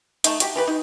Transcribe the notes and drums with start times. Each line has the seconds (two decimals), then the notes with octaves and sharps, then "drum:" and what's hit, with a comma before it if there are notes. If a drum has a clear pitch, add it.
0.24 A3 D#4, drum: hi-hat
0.40 F#4 G4, drum: hi-hat
0.56 E3 G4 B4
0.67 D#4